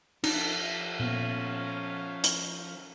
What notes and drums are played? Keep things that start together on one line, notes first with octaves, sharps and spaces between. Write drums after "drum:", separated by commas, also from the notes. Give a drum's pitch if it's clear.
F3 D4 D#4 F4 A5, drum: cymbal
A#2 A#3 B3 C#4 F5
drum: hi-hat